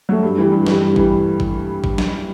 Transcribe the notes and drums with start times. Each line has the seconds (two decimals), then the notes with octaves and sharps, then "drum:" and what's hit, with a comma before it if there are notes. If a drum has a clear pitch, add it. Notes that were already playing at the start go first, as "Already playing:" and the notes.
0.09 F#3 A3
0.23 G2
0.38 E3 G3
0.52 G2
0.67 E3 G3, drum: snare
0.81 G2
0.96 E3 G3, drum: kick G#1
1.40 drum: kick G#1
1.84 drum: kick G#1
1.98 drum: snare